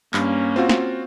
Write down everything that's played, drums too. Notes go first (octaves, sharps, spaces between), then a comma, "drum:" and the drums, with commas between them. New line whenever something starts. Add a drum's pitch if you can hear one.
G2 A#3 C#4, drum: clap
C4 F4 F#4
drum: snare